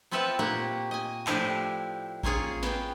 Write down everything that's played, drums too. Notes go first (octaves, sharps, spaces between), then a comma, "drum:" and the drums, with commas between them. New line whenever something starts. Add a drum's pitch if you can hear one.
B3 C4 F4 B4 E5 F#5
A#2 A#3 F#4 G4 F#5
D#5 G#5
A2 F3 D4 E4 G4, drum: clap
A#3 C#4 F4 G#4 C#5, drum: kick A1
B3 G5, drum: snare